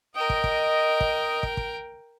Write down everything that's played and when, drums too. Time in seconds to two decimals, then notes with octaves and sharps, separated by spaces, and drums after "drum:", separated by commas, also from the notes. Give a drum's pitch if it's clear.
0.15 A#4 D#5 G5
0.30 drum: kick
0.44 drum: kick
1.01 drum: kick
1.43 drum: kick
1.57 drum: kick